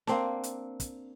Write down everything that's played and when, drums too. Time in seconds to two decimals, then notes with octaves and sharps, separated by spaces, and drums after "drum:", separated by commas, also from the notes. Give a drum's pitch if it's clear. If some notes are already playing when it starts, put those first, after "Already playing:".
0.07 A#3 C4 D4, drum: snare
0.43 drum: hi-hat
0.80 drum: kick, hi-hat